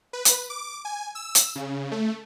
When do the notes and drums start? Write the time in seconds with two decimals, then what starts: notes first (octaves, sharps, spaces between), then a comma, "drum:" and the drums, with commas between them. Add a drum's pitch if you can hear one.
0.13 B4
0.25 drum: hi-hat
0.50 D6
0.85 G#5
1.15 E6
1.35 drum: hi-hat
1.56 C#3
1.92 A3